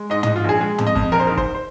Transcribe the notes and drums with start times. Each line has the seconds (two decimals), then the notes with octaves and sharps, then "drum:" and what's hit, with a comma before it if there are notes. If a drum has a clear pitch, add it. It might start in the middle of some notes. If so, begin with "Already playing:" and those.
Already playing: G#3
0.10 G#2 D#5
0.23 G#2 D#5, drum: tom
0.36 F4
0.44 A#1 G#4
0.61 G#3 G#4
0.78 F2, drum: tom
0.87 D#5
0.95 F2, drum: kick
1.12 A#1 A#4
1.20 C5
1.27 G#2 A#4
1.37 C5, drum: kick
1.55 C5